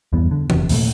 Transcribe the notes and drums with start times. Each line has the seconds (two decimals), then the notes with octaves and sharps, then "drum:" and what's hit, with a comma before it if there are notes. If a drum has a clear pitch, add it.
0.13 E2 G2 E3 B3
0.31 D3
0.50 F1 C3, drum: tom E3
0.69 D#2 A#2 D#3 A3, drum: open hi-hat